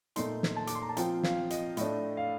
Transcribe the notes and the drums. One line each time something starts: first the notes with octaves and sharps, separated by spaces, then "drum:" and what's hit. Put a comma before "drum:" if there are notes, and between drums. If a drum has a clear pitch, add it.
A#2 A3 D#4 C6, drum: hi-hat
drum: snare
A5
D6, drum: hi-hat
C6
A#5
A5
F3 C4 F4 G5, drum: hi-hat
F5, drum: snare
D#5, drum: hi-hat
A2 A3 D4 D#5, drum: hi-hat
F5